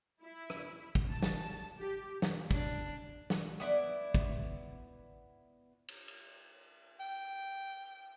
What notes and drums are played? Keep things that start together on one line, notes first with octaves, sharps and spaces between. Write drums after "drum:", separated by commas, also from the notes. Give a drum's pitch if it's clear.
E4
drum: rim click
drum: kick
A5
drum: snare
G4
drum: snare
D4, drum: kick
drum: snare
B3 E4 D5
drum: kick
drum: cymbal
drum: cymbal
G5